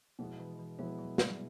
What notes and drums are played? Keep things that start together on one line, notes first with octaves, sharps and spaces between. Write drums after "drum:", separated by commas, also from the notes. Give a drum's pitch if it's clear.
B2 F3 G#3 B3 E4 G#4
E3
E3
B2 F3 G#3 B3 E4 G#4
F#3
G3, drum: snare
F#3